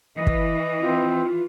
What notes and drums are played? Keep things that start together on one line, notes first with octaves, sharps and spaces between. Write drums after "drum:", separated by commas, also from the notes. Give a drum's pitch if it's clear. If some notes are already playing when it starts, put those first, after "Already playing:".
E3 D#5
drum: kick
C4 F4